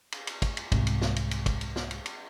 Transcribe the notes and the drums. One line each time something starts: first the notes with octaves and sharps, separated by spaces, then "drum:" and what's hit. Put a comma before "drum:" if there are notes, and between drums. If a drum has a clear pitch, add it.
drum: cymbal
drum: cymbal
drum: kick, cymbal
drum: cymbal
C2 G#2 C3, drum: kick, cymbal
drum: cymbal
drum: snare
drum: cymbal
drum: cymbal
drum: kick, cymbal
drum: cymbal
drum: snare
drum: cymbal
drum: cymbal